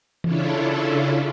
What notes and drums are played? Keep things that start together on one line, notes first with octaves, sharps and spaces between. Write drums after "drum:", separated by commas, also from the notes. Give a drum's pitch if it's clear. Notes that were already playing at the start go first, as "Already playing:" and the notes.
C#3 C#4 D4 E4 F4 A4, drum: tom E3